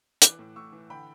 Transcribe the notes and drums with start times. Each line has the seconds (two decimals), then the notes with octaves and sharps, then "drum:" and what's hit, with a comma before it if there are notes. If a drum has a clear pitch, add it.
0.22 E3 D6 F#6, drum: hi-hat
0.39 A2
0.56 A2 C#6 E6
0.72 E3
0.90 D3 G5 B5